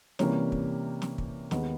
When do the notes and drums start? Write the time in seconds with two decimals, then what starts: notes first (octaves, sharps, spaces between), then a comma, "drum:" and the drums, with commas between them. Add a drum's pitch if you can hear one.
0.19 C3 E3 G3 A#3 C#4, drum: snare
0.52 drum: kick
1.02 drum: snare
1.18 drum: kick
1.51 D#2 D#3 G#3 B3, drum: snare